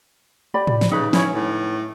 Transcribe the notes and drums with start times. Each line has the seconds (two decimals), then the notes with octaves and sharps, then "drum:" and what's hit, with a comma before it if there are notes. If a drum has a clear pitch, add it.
0.54 G4 D5 B5
0.67 drum: tom A2
0.81 drum: snare
0.91 C#3 D#4 B4
1.13 C#4 E4 C#5, drum: snare
1.30 A2